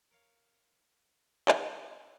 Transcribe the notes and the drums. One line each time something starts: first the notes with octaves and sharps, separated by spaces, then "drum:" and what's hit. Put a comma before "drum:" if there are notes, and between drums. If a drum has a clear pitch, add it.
A#4 C#5 F5
drum: clap